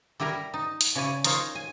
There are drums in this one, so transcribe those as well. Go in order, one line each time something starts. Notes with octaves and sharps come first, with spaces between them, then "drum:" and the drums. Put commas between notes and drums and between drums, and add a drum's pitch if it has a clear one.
G3 E4 G4 A#4 A#5
D#4
drum: hi-hat
C#3 E4 C#5 D5 G#5
D#4 F4 A#4 C5 C#5, drum: hi-hat
G#5